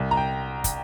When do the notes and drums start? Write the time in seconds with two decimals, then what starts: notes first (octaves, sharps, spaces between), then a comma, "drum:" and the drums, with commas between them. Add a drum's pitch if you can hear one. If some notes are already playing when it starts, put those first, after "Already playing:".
Already playing: C2
0.11 A#5
0.17 G5
0.64 drum: kick, hi-hat